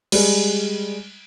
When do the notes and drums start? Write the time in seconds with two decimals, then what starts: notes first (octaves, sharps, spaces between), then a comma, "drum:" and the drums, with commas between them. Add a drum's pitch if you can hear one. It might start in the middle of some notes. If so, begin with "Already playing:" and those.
0.12 G3 G#3, drum: cymbal